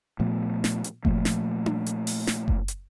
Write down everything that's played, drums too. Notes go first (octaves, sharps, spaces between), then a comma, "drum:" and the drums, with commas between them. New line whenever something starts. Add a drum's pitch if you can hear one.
A#2 F3 A3 B3
drum: snare
drum: hi-hat
A#2 F3 A3 A#3, drum: kick F#1
drum: snare
drum: tom D4
drum: hi-hat
drum: open hi-hat
drum: snare
drum: kick F#1
drum: hi-hat